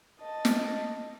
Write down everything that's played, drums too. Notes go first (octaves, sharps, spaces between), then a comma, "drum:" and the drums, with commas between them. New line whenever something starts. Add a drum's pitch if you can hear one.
D#5 A5
drum: snare